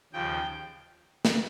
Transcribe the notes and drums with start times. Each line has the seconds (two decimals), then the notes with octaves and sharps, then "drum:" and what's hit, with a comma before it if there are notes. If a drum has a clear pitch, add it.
0.13 D#2 C#3 F3 G5
1.25 drum: snare